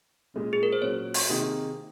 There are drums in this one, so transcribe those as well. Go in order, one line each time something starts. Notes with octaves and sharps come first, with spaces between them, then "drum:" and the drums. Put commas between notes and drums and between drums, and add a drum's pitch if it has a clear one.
A#2 G#3 C#4
G#4
A#4
C5
A#2 F#3 C#4 C#5
drum: open hi-hat
C3 D#3 A#3 D#4 G#4